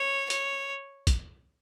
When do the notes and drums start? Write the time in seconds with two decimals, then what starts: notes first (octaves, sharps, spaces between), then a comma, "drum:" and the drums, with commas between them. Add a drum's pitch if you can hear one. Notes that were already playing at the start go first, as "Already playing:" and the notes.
Already playing: C#5
0.30 C#5, drum: hi-hat
1.07 drum: kick, hi-hat